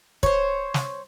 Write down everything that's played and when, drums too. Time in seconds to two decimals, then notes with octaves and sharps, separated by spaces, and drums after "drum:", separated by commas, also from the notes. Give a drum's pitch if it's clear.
0.23 C5 C#5, drum: kick
0.74 drum: snare